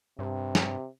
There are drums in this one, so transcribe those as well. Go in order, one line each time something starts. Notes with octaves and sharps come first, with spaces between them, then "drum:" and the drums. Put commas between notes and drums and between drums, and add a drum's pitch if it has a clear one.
G2 C3
drum: snare